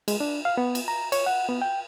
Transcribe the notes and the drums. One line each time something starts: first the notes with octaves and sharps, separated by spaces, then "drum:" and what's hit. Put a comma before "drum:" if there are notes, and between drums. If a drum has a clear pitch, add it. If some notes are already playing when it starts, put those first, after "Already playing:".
G#3, drum: cymbal
D4
F5
B3
drum: cymbal
A#5
C#5, drum: cymbal
F#5
B3
G5